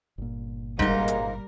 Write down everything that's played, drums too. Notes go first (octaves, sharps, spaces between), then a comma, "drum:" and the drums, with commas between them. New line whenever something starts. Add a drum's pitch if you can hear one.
G1 A#2
C#2 G#2 G3 G#3 A#3 D#4 A#4, drum: kick E1
drum: hi-hat